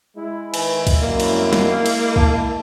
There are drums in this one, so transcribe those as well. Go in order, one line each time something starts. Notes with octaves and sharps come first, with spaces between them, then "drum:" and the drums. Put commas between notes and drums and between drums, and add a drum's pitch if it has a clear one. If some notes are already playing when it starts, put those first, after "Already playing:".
G#3 E4
D#3 B4 G#5, drum: cymbal
drum: kick, cymbal
C2 F#2 A#3
drum: cymbal
drum: snare
drum: cymbal
A5, drum: kick